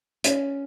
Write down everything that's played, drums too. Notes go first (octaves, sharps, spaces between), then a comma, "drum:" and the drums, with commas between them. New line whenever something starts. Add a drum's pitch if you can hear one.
C#4, drum: hi-hat